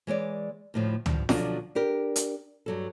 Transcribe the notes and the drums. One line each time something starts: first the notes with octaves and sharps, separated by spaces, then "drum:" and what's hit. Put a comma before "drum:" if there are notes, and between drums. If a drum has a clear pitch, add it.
E3 G#3 C#5 D5
D2 A2 F3
G2 F3, drum: tom
B2 D3 F3 F#3 D4 F#4, drum: snare
D4 G4 A#4
drum: hi-hat
G2 F#3 A4